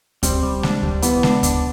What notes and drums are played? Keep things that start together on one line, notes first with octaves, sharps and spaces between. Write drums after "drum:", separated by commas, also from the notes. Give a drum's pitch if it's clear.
G3 C4, drum: kick D2, hi-hat
G3
D4, drum: snare G#3
G3, drum: kick D2
E3 B3, drum: hi-hat
D4, drum: snare G#3
D4, drum: kick D2, hi-hat